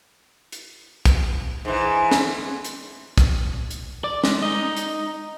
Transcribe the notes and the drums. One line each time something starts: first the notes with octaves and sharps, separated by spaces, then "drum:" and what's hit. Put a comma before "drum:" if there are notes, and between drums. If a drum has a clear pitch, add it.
drum: hi-hat
drum: kick, hi-hat
G#2 E3
drum: snare
drum: hi-hat
drum: kick, hi-hat
drum: hi-hat
D5
G#3, drum: snare
D#4 D#5
drum: hi-hat